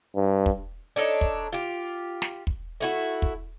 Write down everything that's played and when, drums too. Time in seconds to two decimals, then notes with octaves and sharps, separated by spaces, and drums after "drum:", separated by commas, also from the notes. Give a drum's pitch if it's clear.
0.16 G2
0.46 drum: kick
0.96 D4 D#4 A4 C#5
1.21 drum: kick
1.52 F4 G4
2.22 drum: snare
2.47 drum: kick
2.81 A3 E4 F#4
3.22 drum: kick